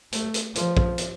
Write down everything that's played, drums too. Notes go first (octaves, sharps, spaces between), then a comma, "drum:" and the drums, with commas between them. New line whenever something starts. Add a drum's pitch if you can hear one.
A3, drum: hi-hat
drum: hi-hat
F3, drum: hi-hat
drum: kick
drum: hi-hat